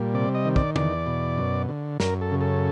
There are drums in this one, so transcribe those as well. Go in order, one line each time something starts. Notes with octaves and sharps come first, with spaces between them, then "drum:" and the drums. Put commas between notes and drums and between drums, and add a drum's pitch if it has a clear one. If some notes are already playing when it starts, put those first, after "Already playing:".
Already playing: A#2 G3
C3 D5
D#5
D#3
D5, drum: kick
E2 D5, drum: tom D3
B2
F#2
D3
F#2 A#4, drum: snare
A4
C#3
A4